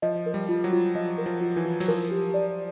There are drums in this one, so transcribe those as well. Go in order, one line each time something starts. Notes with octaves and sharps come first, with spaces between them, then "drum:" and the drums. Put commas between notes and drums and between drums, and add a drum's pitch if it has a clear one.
F3 D#5
A#4
G3
F4
F#3
F4
F3 D#5
A#4
F3
F4
E3
F4
F#3, drum: open hi-hat
F3 A#4
G4
D5